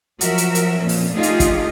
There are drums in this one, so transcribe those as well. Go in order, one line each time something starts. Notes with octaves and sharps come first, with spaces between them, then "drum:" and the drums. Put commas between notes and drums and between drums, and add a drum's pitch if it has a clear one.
F3 F#3 F#4 A#4 E5, drum: hi-hat
drum: hi-hat
drum: hi-hat
F2 A#2 F3 C#4
drum: open hi-hat
A3 D4 D#4 F4 G4 G#4
drum: hi-hat
drum: kick, hi-hat